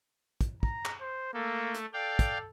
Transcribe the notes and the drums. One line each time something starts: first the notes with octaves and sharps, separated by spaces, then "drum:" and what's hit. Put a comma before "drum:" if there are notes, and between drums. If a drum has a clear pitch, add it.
drum: kick, hi-hat
A#5, drum: kick
drum: clap
C5
A3 A#3 A4
drum: hi-hat
A4 D5 F5 G5
drum: kick, hi-hat